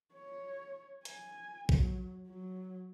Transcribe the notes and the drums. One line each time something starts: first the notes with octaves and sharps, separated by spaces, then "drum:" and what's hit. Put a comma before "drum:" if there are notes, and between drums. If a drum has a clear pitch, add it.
C#5
G#5, drum: hi-hat
F#3, drum: kick A#1
F#3